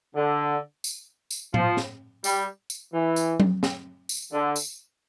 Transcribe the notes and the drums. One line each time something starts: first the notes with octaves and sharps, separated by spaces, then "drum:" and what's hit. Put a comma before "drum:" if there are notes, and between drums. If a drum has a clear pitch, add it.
D3
drum: tambourine
drum: tambourine
F3, drum: tom A2
drum: snare
G3, drum: tambourine
drum: tambourine
E3
drum: tambourine
drum: tom F#3
drum: snare
drum: tambourine
D3
drum: tambourine